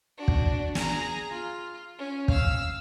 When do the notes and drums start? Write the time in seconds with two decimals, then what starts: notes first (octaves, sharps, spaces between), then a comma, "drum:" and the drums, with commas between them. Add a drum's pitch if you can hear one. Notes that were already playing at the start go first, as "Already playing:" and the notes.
0.17 D4 F#4
0.28 drum: kick
0.75 G#4 A#5, drum: snare
1.30 F4
1.98 C#4
2.28 F5 E6, drum: kick